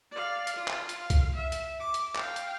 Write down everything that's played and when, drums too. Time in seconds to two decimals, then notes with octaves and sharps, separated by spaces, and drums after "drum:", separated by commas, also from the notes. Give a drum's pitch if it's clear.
0.11 D5 F5
0.47 drum: hi-hat
0.56 F4
0.68 drum: clap
0.89 drum: hi-hat
1.00 F5
1.10 drum: kick C2, hi-hat
1.34 E5
1.52 drum: hi-hat
1.79 D6
1.94 drum: hi-hat
2.15 F5 G5, drum: clap
2.36 drum: hi-hat